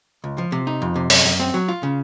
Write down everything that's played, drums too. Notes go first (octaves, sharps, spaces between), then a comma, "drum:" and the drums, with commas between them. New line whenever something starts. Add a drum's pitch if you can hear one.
C#2
F3
C3
D#4
F2
C3
F#2, drum: open hi-hat
F#2
C4
F#3
F4
C#3